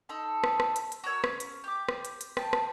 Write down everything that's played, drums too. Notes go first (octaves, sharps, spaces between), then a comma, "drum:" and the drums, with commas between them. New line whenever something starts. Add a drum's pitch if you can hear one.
D#4 A4 C6
drum: rim click
drum: rim click
drum: hi-hat
drum: hi-hat
F#4 A#4 C#5 E6
C#4, drum: rim click
drum: hi-hat
G4 D6
drum: rim click
drum: hi-hat
drum: hi-hat
G5 A5, drum: rim click
drum: rim click